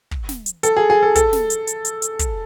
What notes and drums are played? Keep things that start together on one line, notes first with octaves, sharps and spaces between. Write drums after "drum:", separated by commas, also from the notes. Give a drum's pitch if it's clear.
drum: kick
drum: snare
drum: hi-hat
A4, drum: hi-hat
G#4
G#4
A4
A4, drum: kick, hi-hat
drum: snare
drum: hi-hat
drum: hi-hat
drum: hi-hat
drum: hi-hat
drum: kick, hi-hat